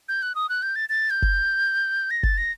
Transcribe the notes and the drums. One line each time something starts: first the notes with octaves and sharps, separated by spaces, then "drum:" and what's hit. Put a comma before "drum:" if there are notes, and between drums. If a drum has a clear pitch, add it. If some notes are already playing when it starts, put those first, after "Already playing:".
G6
F#6
D#6
F#6
G6
A6
A6
G6
drum: kick F#1
A#6
A6, drum: kick F#1
A#6